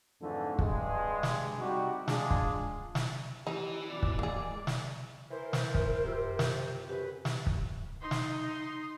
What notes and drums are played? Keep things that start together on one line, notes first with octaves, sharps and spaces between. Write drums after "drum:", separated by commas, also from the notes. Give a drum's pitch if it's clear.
F2 G#2 D3 E3 A3
G2 G#3, drum: kick
drum: snare
C3 G3 D#4 F#4 G4
G#3 D4 F4 G#4, drum: snare
drum: kick
drum: snare
E3 C#4 D#4 E4 G4
F#2 B2 D5
drum: kick
G#3 A#3 G#4 D5
drum: snare
E3 A#4 C5
drum: snare
drum: kick
F#2 C3 F4 E6
drum: snare
F#2 G4 B4
drum: snare
drum: kick
D#4 C6
drum: snare